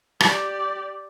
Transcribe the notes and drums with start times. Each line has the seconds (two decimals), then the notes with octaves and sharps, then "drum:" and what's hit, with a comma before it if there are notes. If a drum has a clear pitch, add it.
0.20 G4 D5, drum: rim click